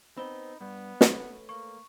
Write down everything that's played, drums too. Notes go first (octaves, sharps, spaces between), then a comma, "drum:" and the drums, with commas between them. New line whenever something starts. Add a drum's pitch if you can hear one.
B3 C4 D#4 B5 G7
G2 B3
drum: snare
A3 B4 C#5
A#3 C#6